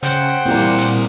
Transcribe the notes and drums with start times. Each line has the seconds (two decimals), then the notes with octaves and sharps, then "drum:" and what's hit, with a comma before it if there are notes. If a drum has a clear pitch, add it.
0.03 C#3 C5 F#5 G5, drum: hi-hat
0.46 A#2 E3 G3 A#3 C4 D5
0.78 drum: hi-hat